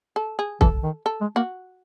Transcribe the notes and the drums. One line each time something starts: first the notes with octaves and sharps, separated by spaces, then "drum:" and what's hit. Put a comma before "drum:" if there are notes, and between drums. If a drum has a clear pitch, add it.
A4
G#4
E3 A4, drum: kick
D#3
A4
G#3
A#3 F#4